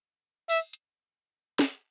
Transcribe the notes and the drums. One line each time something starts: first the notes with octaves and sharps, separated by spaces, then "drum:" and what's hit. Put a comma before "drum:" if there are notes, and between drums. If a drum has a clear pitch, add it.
E5, drum: open hi-hat
drum: hi-hat
drum: snare